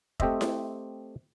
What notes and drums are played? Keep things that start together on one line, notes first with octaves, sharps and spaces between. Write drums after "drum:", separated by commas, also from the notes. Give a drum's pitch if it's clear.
A3 C4 G4 C5 D#5 E5, drum: kick F1
drum: snare E4